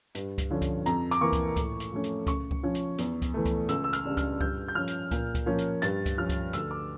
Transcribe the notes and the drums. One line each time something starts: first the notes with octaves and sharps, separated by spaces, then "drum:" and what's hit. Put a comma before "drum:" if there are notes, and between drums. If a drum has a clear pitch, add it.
G2, drum: hi-hat
drum: kick C#2, hi-hat
D3 F3 C#4
drum: kick C#2, hi-hat
F2 A#5, drum: hi-hat
D6, drum: hi-hat
E3 A#3 C#6
drum: kick C#2, hi-hat
A2, drum: kick C#2, hi-hat
drum: hi-hat
F3 A3 C#4
drum: hi-hat
C#3 C#6, drum: kick C#2, hi-hat
drum: kick C#2
F3 C#4
drum: hi-hat
E2, drum: hi-hat
drum: kick C#2, hi-hat
E3 A3
drum: kick C#2, hi-hat
C#2 E6, drum: hi-hat
E6
F6, drum: hi-hat
C#3 G3 D4
F6, drum: kick C#2, hi-hat
G2 G6, drum: kick C#2
G6
F3 C#4 F6
drum: hi-hat
A#2, drum: kick C#2, hi-hat
drum: kick C#2, hi-hat
F3 A#3 C#4
drum: hi-hat
G2 A6, drum: hi-hat
drum: kick C#2, hi-hat
F3 C#4 F6
drum: kick C#2, hi-hat
D2 E6, drum: hi-hat
D6